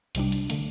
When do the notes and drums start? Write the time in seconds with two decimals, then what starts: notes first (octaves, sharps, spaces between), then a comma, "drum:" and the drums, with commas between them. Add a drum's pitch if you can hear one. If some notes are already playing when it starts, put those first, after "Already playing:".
0.15 C2 C3 G3 D4, drum: hi-hat
0.32 drum: hi-hat
0.50 D3 A3, drum: hi-hat